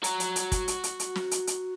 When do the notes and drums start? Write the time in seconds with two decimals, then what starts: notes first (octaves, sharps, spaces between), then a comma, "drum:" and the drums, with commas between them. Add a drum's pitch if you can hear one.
0.04 F#4 A#5, drum: hi-hat
0.20 drum: hi-hat
0.36 drum: hi-hat
0.52 drum: kick, hi-hat
0.68 drum: hi-hat
0.84 drum: hi-hat
1.00 drum: hi-hat
1.15 drum: snare
1.31 drum: hi-hat
1.47 drum: hi-hat